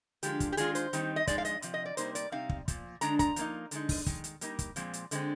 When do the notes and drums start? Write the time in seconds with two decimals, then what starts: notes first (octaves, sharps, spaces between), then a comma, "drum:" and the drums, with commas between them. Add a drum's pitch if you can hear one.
0.23 D3 F3 G#3 D4 F4 G4, drum: hi-hat
0.40 drum: kick, hi-hat
0.52 G4
0.57 D#3 G#3 D4 F4 G#4, drum: hi-hat
0.75 C5, drum: hi-hat
0.93 D#3 G3 C4 D#4, drum: hi-hat
1.16 D#5
1.27 F3 G#3 D#4 D5, drum: kick, hi-hat
1.38 F5
1.45 D#5, drum: hi-hat
1.62 C3 F3, drum: hi-hat
1.74 D#5
1.86 D5
1.97 C3 G3 A#3 D#4 C5, drum: hi-hat
2.15 D5, drum: hi-hat
2.32 C3 G3 C4 D#4 F5
2.49 drum: kick
2.68 A#2 F3, drum: kick, hi-hat
3.01 D3 G#3 D4 A#5, drum: hi-hat
3.19 A#5, drum: kick, hi-hat
3.36 F3 A#3 D#4, drum: hi-hat
3.71 D3 G#3 D#4, drum: hi-hat
3.89 drum: kick, open hi-hat
4.06 D#3 G#3, drum: kick, hi-hat
4.24 drum: hi-hat
4.41 G3 A#3 D#4, drum: hi-hat
4.59 drum: kick, hi-hat
4.76 A#2 F3 G#3 C4, drum: hi-hat
4.93 drum: hi-hat
5.11 D3 G#3 C4, drum: hi-hat